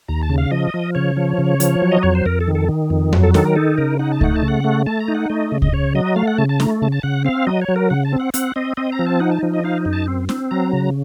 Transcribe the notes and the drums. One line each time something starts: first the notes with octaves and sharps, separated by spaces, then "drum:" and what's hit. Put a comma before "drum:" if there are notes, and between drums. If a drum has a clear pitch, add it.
D#2 A#5
A5
C#3
F5
F3 D#5
F3
C#3 C#5
F3
C#3
F3, drum: hi-hat
F#3
D#5
F2 C#5
C5
F2 A#4
A4
D#3
A4
D#3
F2
F#3, drum: tom F2
A4
D#3 A4, drum: snare
A#4
D#4 A4
C#3 A#4
D#4 F#5
A5
A3 F#5, drum: kick C#2
A5
C#3
F#5
A3
A3 A5
A#5
D#4
F#5
A3 D#5
C#3
D#5, drum: kick C#2
C#3 C#5
F#3 D#5
A3 F5
F#5
C#3 A5
A5
A3 A#5, drum: snare
C#3 A5
A5
C#3 F#5
C4 F5
F#3 D#5
C#5
F#3
A#4
C#3 F#5
A5
C4
F#5
C4 F#5, drum: hi-hat
C4 D#5
C4 D#5
A#5
F3
A5
D#4 F#5
A5
F3
D#5
D#4 F5
F#2
A5
C4
C4, drum: snare
F#3 A#5
C#3